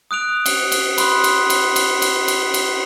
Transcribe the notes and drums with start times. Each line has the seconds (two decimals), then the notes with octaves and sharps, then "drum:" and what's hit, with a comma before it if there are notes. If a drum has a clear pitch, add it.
0.11 D#6 F#6 D7 F7
0.46 drum: cymbal
0.72 drum: cymbal
0.98 B5 C6 D#6 F#6, drum: cymbal
1.24 drum: cymbal
1.50 drum: cymbal
1.76 drum: cymbal
2.02 drum: cymbal
2.28 drum: cymbal
2.54 drum: cymbal